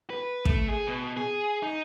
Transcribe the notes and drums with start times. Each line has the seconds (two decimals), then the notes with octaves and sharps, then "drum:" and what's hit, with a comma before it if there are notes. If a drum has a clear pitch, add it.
0.10 B4
0.45 A3, drum: kick
0.68 G#4
0.87 B2
1.17 G#4
1.63 D#4